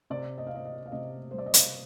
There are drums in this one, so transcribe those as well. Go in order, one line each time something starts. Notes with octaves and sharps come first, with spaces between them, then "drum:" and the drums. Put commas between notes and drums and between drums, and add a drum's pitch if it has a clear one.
C3 D5
D#5
F5
C4 D#5
D#5
F5
C3 D#5
G3 C5
D5
D#5
F5, drum: hi-hat